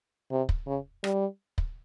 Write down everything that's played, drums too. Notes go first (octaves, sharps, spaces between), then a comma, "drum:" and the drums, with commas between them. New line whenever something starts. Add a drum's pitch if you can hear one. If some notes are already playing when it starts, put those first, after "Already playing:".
C3
drum: kick
C#3
G3, drum: rim click
drum: kick